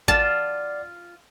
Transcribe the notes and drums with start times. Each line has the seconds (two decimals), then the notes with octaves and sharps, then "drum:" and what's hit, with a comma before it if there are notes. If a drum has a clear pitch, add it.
0.08 F4 D5 F#5 A5 F6, drum: kick A1